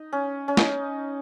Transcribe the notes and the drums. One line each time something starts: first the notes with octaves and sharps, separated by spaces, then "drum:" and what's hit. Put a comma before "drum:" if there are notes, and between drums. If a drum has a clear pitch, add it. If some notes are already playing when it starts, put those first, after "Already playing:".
Already playing: D#4
C#4
C#4
D#4, drum: snare